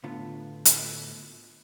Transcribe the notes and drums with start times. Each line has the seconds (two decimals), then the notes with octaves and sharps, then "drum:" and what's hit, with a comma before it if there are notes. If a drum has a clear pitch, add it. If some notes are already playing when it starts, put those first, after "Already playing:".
0.04 A2 D3 B3 F4
0.65 drum: hi-hat